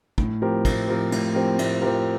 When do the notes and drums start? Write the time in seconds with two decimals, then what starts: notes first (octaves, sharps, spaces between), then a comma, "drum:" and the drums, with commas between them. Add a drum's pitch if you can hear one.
0.18 A2, drum: kick
0.42 F3 C4 G4 A#4
0.65 A2, drum: kick, cymbal
0.88 F3 C4 G4 A#4
1.12 A2, drum: cymbal
1.34 F3 C4 G4 A#4
1.59 A2, drum: cymbal
1.81 F3 C4 G4 A#4